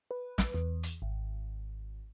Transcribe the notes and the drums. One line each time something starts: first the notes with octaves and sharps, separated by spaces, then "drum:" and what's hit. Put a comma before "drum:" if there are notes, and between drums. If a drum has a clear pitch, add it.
B4
drum: snare
E2
drum: hi-hat
G#1